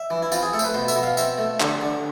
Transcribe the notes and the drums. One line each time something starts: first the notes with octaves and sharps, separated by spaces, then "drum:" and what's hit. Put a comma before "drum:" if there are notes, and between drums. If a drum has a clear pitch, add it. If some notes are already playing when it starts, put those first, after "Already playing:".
Already playing: E5
E3
E4
C4 F4, drum: tambourine
G#4
A3 A4
C5, drum: tambourine
B4
B2 C5
E5, drum: tambourine
B2
F5
C4 E5, drum: tambourine
A3
D3, drum: clap
D3